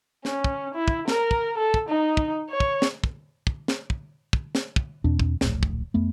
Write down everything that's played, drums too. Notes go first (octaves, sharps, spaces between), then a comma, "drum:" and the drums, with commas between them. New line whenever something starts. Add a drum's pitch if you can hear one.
C#4, drum: snare
drum: kick
E4
drum: kick
A#4, drum: snare
drum: kick
A4
drum: kick
D#4
drum: kick
C#5
drum: kick
drum: snare
drum: kick
drum: kick
drum: snare
drum: kick
drum: kick
drum: snare
drum: kick
E2 B2 C4 D4
drum: kick
D1 A#1 A2, drum: snare
drum: kick
F2 A3 B3